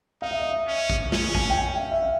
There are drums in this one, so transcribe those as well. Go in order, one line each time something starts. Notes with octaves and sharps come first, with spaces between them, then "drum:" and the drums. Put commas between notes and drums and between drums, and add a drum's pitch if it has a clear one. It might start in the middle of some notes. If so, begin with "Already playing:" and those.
D#4 F5
E5
D#5
E5
C#4
drum: kick
C#4, drum: snare
G#5, drum: kick
G5
G#5
G5
E5
F5
E5
F5